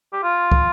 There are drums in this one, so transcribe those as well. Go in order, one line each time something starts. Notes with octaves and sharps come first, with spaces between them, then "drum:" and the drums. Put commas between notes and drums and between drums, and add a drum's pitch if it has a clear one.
G4
F4
drum: kick